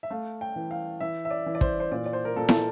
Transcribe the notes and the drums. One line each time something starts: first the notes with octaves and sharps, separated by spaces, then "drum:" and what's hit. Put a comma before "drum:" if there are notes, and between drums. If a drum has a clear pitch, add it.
E5
A3 F5
G5
E3
F5
E3 E5
E5
D5
E3
D5
C5, drum: kick
C5
A#2 D5
D5
C5
A#4
A#2 A4
A4, drum: snare